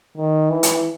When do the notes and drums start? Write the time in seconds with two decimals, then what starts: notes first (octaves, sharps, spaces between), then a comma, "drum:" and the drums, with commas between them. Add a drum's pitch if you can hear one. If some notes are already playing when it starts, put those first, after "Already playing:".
0.17 D#3
0.50 E3
0.63 drum: hi-hat